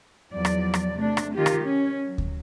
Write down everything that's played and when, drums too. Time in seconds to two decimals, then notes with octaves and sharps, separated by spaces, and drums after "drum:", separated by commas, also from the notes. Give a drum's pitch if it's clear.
0.33 E2 F3 F#3 D5
0.45 drum: rim click
0.74 drum: rim click
0.95 C3 A3 D4
1.17 drum: rim click
1.35 D#3 F4 G4
1.46 drum: rim click
1.65 C#4
2.04 F#3
2.18 drum: kick D2